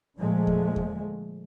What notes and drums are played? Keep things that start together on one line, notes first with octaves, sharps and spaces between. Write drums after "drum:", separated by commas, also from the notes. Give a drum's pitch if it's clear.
A#2 D3 F3 G#3 A3
drum: kick E2
drum: kick E2